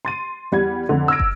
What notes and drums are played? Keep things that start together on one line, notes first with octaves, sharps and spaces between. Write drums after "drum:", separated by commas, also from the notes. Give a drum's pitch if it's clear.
C6 A6 D#7
E2 G3 F#5 G#6
F2 D3
E6 F6 G#6 A#6 D7
drum: kick